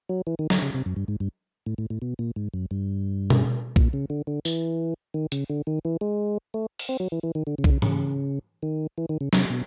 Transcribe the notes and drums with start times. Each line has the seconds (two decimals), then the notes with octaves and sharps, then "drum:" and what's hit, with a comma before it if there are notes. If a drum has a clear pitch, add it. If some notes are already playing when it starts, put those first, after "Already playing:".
0.09 F#3
0.27 E3
0.39 D#3
0.50 D3, drum: snare
0.62 C#3
0.74 C3
0.86 F#2
0.96 G2
1.08 G#2
1.20 G2
1.66 A2
1.78 A2
1.90 A2
2.02 B2
2.19 A#2
2.36 G#2
2.54 F#2
2.71 G2
3.30 drum: tom B2
3.76 A#2, drum: kick B1
3.93 C#3
4.10 D3
4.27 D3
4.45 E3, drum: tambourine
5.14 D#3
5.32 C#3, drum: hi-hat
5.50 D3
5.67 D#3
5.85 E3
6.01 G#3
6.54 A3
6.79 drum: open hi-hat
6.89 C4
7.00 F#3
7.12 E3
7.23 E3
7.35 D#3
7.47 D3
7.58 C#3
7.64 D3, drum: kick B1
7.70 C#3
7.82 C#3, drum: tom
8.63 D#3
8.98 E3
9.09 D#3
9.21 C#3
9.33 C3, drum: snare
9.50 B2